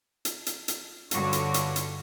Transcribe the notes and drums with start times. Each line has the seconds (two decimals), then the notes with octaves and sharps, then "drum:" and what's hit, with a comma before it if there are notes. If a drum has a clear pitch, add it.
0.25 drum: hi-hat
0.46 drum: hi-hat
0.68 drum: hi-hat
1.11 G2 D3 F#4 C#5, drum: hi-hat
1.33 drum: hi-hat
1.54 drum: hi-hat
1.76 drum: hi-hat